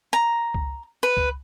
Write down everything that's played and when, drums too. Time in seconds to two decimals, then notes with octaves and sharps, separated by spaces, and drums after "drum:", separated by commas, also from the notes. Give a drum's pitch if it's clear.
0.13 A#5
0.54 drum: kick C#2
1.03 B4
1.17 drum: kick C#2